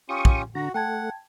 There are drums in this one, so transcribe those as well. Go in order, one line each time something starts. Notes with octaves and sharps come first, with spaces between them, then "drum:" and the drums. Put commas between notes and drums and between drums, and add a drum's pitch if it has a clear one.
C#4 F4 G4 C#6 D#6
drum: kick
D3 F#4 A#5
A3 F#5 G5 A5 G#6